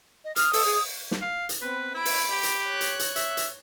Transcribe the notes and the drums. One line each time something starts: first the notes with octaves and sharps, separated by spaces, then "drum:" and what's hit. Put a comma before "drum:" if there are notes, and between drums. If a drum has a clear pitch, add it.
D#5
D#6 F6, drum: hi-hat
A4, drum: open hi-hat
G#4
drum: snare
F5
drum: hi-hat
B3 C4 B4
E4 B5 D7
drum: open hi-hat
G4
drum: hi-hat
C#5 F#6
drum: hi-hat
drum: hi-hat
E5, drum: hi-hat
drum: hi-hat